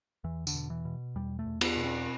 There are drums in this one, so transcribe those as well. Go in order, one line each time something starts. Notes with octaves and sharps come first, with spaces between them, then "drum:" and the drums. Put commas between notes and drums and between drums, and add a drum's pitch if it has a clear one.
E2 E3
D3, drum: tambourine
B2
E3
B2
E2 G3
A3
E2
B3, drum: cymbal
B2
C4